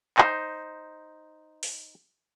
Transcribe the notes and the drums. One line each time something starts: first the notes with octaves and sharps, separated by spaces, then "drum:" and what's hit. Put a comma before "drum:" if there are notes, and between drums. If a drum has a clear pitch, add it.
D#4 C5, drum: clap
drum: open hi-hat